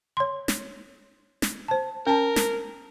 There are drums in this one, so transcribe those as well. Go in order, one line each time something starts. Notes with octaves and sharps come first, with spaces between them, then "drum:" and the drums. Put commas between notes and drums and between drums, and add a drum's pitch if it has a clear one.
C#5 C6
drum: snare
drum: snare
C5 A5
C#4 A#4 A5
drum: snare